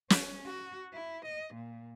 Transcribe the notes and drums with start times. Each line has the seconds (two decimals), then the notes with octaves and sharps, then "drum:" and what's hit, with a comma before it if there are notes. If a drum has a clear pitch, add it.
0.10 C#4, drum: snare
0.46 F#4
0.94 E4
1.25 D#5
1.55 A#2